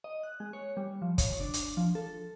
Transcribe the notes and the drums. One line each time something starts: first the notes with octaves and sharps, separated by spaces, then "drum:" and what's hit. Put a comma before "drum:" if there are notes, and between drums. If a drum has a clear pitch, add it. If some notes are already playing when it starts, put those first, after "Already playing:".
D#5
F#6
G#3
C#5
G3
F3
C#5, drum: kick, hi-hat
D4
drum: hi-hat
F3
A4